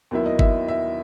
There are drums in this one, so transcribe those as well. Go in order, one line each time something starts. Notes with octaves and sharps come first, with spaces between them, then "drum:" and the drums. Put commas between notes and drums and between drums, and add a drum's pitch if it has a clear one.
D#2 D#3 F#3 B3 E4 E5
D#5
E5, drum: kick G1
E5